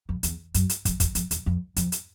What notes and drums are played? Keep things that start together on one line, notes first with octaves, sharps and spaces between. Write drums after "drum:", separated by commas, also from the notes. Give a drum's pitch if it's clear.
F2
E2, drum: hi-hat
F#2, drum: hi-hat
drum: hi-hat
F2, drum: kick, hi-hat
E2, drum: kick, hi-hat
F2, drum: hi-hat
E2, drum: hi-hat
F2
F2, drum: hi-hat
drum: hi-hat